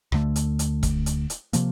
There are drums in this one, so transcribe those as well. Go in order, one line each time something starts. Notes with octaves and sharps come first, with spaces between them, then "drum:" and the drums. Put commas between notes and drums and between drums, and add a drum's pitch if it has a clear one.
D2 D3 A3, drum: rim click
drum: hi-hat
drum: hi-hat
drum: kick E1, hi-hat
drum: hi-hat
drum: hi-hat
C3 F3 A#3, drum: hi-hat